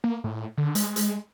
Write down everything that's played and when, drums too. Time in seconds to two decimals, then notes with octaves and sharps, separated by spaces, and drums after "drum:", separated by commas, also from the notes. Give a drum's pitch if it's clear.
0.04 A#3
0.24 A2
0.58 D3
0.75 G#3, drum: hi-hat
0.96 drum: hi-hat